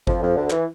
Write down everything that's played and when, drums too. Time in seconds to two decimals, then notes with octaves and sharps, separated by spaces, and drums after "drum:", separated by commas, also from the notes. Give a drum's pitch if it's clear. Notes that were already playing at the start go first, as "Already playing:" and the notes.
0.07 F2 F3, drum: kick G1
0.21 F2 F3
0.36 D2 D3
0.50 E3, drum: clap